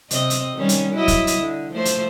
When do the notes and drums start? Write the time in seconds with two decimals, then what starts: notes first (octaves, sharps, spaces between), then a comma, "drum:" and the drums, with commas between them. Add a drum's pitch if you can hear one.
0.11 C3 C4 D#5, drum: hi-hat
0.30 drum: hi-hat
0.56 D#3 G3 C#4
0.69 drum: hi-hat
0.94 F#3 E4 D#5
1.08 drum: kick, hi-hat
1.27 drum: hi-hat
1.40 D3
1.72 F3 A3 C5
1.85 drum: hi-hat